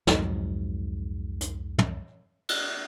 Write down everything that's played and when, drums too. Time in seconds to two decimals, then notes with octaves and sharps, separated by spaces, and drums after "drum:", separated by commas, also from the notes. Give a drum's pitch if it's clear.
0.07 C2 F2 G#2 F#3, drum: snare
1.41 drum: hi-hat
1.78 drum: tom
2.49 drum: cymbal